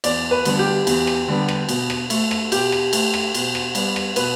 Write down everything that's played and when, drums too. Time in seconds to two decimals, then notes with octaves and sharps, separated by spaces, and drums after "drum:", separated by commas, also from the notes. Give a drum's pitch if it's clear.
0.04 E2 D5, drum: cymbal
0.31 B4
0.45 D3 G3 B3, drum: cymbal
0.59 G4
0.87 E2, drum: cymbal
1.07 drum: rim click
1.28 D3 G3 B3
1.48 drum: rim click
1.69 B2, drum: cymbal
1.90 drum: rim click
2.10 A3, drum: cymbal
2.31 drum: rim click
2.52 B2 G4, drum: cymbal
2.72 drum: rim click
2.93 A3, drum: cymbal
3.14 drum: rim click
3.34 B2, drum: cymbal
3.55 drum: rim click
3.75 G3 B3, drum: cymbal
3.96 drum: rim click
4.16 B2 B4, drum: cymbal